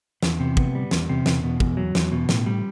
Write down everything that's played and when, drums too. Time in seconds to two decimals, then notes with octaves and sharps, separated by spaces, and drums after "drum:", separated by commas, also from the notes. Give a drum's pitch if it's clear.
0.23 E2, drum: snare
0.40 C3
0.57 B3, drum: kick
0.75 G3
0.91 E2, drum: snare
1.09 C3
1.26 E2, drum: snare
1.44 B2
1.60 E2, drum: kick
1.77 F#3
1.95 E2, drum: snare
2.12 B2
2.29 A2, drum: snare
2.46 G3